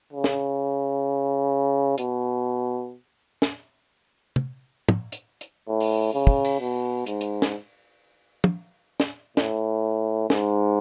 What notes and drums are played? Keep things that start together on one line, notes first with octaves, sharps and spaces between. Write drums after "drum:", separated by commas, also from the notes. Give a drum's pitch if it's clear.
C#3
drum: snare
B2, drum: hi-hat
drum: snare
drum: tom
drum: tom
drum: hi-hat
drum: hi-hat
A2
drum: open hi-hat
C#3
drum: kick
drum: cymbal
B2
G#2, drum: hi-hat
drum: hi-hat
drum: snare
drum: tom
drum: snare
A2, drum: snare
G#2, drum: snare